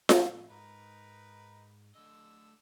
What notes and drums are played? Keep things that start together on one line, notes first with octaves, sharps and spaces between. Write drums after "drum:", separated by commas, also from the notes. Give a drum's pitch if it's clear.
A2 F3, drum: snare F4
G#2 D#4 A#4 B4
D3 A3 D#5 E6